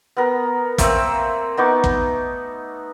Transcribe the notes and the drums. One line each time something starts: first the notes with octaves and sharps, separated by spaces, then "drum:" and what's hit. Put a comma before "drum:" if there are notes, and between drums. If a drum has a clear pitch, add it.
B3 A#4
A3 A#3 C4, drum: kick, hi-hat
B3 D#4 C#6 D6
drum: kick